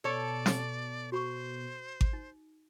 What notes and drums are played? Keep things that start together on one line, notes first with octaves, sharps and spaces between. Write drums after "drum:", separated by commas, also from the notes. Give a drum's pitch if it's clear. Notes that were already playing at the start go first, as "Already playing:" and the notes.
B2 A4 C#5 D5
drum: snare
F#4 C5 B5 C#6
drum: kick G#1
D#4